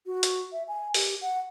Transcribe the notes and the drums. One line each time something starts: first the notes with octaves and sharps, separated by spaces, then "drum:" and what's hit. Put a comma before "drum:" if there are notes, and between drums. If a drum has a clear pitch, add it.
F#4
drum: hi-hat
E5
G#5
G4, drum: open hi-hat
F#5